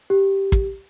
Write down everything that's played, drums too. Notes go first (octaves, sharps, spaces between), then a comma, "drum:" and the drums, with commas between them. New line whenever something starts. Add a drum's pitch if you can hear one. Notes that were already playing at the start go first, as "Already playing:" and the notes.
G4
drum: kick